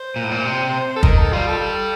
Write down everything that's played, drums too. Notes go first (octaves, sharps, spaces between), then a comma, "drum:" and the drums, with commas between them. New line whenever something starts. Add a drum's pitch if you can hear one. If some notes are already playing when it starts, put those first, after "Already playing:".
Already playing: C5
A#2
A2
A#2
C3
A4
D#3 A#4, drum: kick
A4
G3 F4
A4